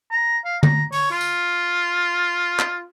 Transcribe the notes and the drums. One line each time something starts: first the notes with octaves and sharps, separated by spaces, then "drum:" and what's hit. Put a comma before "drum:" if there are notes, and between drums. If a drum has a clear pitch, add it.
A#5
F5
A#5, drum: tom
C#5, drum: open hi-hat
F4
drum: tambourine
drum: clap